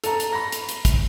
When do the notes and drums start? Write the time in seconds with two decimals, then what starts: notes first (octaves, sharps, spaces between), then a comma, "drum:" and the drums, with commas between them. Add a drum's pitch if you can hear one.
0.04 A4 A#5, drum: hi-hat
0.20 drum: hi-hat
0.33 B5 A#6
0.52 drum: hi-hat
0.69 drum: hi-hat
0.85 drum: kick, hi-hat